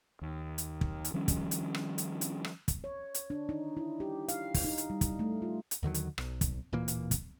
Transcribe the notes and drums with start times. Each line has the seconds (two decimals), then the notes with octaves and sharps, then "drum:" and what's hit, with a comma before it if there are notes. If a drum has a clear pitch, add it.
0.22 D#2
0.58 drum: hi-hat
0.81 drum: kick
1.05 drum: hi-hat
1.14 D#3 F3 G3 C#4
1.28 drum: kick, hi-hat
1.51 drum: hi-hat
1.75 drum: rim click
1.98 drum: hi-hat
2.21 drum: hi-hat
2.44 drum: rim click
2.68 drum: kick, hi-hat
2.84 C#5
3.14 drum: hi-hat
3.30 D4
3.49 D#4
3.77 E4
4.00 G4
4.28 F5, drum: hi-hat
4.54 drum: kick, open hi-hat
4.64 D#4
4.78 drum: hi-hat
4.90 G3
5.01 drum: kick, hi-hat
5.19 A3
5.42 F4
5.71 drum: hi-hat
5.83 D#2 D3 D#3 F#3
5.94 drum: hi-hat
6.18 B1, drum: rim click
6.41 drum: kick, hi-hat
6.73 D1 A#2 E3 A#3
6.88 drum: hi-hat
7.11 drum: kick, hi-hat